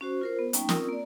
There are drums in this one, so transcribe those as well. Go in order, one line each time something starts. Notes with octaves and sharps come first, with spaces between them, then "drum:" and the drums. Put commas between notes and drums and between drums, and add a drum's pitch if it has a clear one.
C#4 F#4 C5
F4 A#4 C5
B3
G3 A#3 C#4 D#4 G5, drum: hi-hat
C4 C#4 F4 A#4 D#6 E6, drum: snare
A#3 D5